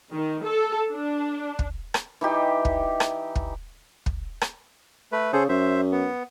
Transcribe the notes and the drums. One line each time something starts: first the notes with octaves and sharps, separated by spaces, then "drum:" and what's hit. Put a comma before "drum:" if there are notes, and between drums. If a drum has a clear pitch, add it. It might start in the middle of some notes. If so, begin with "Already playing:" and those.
D#3
A4
D4
drum: kick
drum: rim click
E3 D#4 G4
drum: kick
drum: rim click
drum: kick
drum: kick
drum: rim click
A3 B4
C#3 G#4 A4 C5
F#2 C5 E5
B3